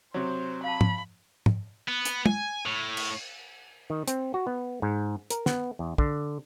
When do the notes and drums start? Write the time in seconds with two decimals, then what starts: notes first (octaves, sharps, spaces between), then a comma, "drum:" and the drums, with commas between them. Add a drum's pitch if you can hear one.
0.14 C3 F#3 C5
0.64 F5 A5 B5
0.81 drum: tom
1.46 drum: tom
1.88 B3
2.05 drum: hi-hat
2.26 G#5, drum: tom
2.66 A2
2.97 drum: cymbal
3.90 D#3
4.08 C4, drum: hi-hat
4.34 F#4
4.47 B3
4.82 G#2
5.30 A#4, drum: hi-hat
5.46 B3, drum: snare
5.79 E2
5.98 D3, drum: kick